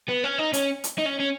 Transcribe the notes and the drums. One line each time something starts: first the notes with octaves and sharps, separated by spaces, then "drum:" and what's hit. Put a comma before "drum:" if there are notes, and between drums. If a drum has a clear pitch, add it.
B3
C#4
D#4
C#4, drum: hi-hat
drum: hi-hat
D#4
C#4
C#4